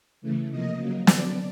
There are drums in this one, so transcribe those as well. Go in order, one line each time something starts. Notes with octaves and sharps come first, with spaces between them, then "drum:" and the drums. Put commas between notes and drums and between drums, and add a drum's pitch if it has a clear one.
C#3 E3 A3
C3 F3 A#3 D#5
C#3 F#3 A#3
D3 F#3 B3 D5, drum: snare